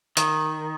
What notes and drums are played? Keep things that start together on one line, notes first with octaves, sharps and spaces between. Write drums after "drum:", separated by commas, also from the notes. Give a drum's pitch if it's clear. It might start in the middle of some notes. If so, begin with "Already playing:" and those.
D#3, drum: hi-hat